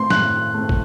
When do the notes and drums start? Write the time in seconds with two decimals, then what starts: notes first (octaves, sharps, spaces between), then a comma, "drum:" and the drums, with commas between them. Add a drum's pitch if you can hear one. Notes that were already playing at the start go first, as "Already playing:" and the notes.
Already playing: A2 A3 C4 C6
0.10 A2 F#6, drum: snare
0.54 A3 C4
0.69 drum: kick